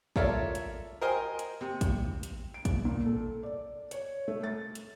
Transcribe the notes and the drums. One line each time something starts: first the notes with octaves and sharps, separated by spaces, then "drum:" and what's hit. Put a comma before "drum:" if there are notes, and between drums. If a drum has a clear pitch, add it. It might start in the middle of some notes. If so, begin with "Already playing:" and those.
F4 A4 A#4 C#5 D5 E5, drum: kick
drum: hi-hat
A#4 C5 D#5 G5 G#5
drum: hi-hat
C3
drum: kick, hi-hat
drum: hi-hat
D7
drum: kick, hi-hat
A#2
A4
D5
C#5, drum: hi-hat
A3
A6
drum: hi-hat